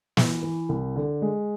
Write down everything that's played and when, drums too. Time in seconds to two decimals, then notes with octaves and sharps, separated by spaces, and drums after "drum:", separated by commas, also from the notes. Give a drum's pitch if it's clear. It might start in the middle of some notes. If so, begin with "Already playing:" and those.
0.17 E3, drum: snare
0.43 E3
0.69 C2
0.96 D3
1.22 G#3